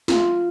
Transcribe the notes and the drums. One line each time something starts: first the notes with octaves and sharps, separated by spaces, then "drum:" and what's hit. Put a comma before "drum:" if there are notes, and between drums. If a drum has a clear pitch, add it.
F4, drum: snare